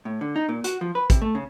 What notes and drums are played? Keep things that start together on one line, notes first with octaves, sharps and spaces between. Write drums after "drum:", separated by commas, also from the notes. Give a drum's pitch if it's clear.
A2
D3
D#4
A#2
F#4, drum: hi-hat
F3
B4
C3, drum: kick, hi-hat
A3
C#3